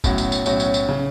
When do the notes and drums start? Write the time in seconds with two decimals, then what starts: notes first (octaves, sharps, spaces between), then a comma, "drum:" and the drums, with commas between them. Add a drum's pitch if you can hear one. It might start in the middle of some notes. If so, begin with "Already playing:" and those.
0.04 B1 A2 F#3 C#4 F#4, drum: kick F1, tambourine
0.18 drum: tambourine
0.32 drum: tambourine
0.46 B1 A2 F#3 C#4 F#4, drum: tambourine
0.60 drum: tambourine
0.74 drum: tambourine
0.89 C#3